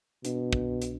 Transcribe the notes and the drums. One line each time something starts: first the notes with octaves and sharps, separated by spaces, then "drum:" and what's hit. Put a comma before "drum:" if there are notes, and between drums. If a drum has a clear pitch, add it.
B2 D4, drum: hi-hat
C2, drum: kick
drum: hi-hat